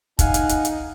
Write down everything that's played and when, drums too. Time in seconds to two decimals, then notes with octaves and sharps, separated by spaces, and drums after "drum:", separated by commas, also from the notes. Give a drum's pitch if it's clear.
0.19 D#4 F5 F#5 G#5, drum: kick, hi-hat
0.34 drum: hi-hat
0.49 drum: hi-hat
0.65 drum: hi-hat